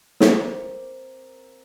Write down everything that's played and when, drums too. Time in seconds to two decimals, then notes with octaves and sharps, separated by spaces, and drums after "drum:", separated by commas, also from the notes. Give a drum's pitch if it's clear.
0.20 A#3 C4, drum: snare